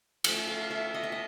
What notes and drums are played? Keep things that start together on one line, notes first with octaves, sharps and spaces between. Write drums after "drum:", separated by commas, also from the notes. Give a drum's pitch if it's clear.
F3 A3 C#4 F#5, drum: cymbal
F5
E5
D#5
E5
D#5